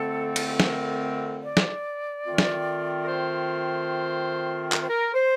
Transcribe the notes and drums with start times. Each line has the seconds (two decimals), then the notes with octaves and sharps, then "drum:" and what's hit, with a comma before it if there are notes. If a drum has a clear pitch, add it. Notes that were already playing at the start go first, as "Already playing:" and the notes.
Already playing: F2 D3 A3 C4 A4
0.36 drum: cymbal
0.60 A#4, drum: snare
1.42 D5
1.57 drum: snare
2.24 D#3 A3 C4 F4
2.38 drum: snare
3.03 A#4
3.07 C5
4.72 A#4, drum: clap
4.81 C5
4.89 A#4
5.13 C5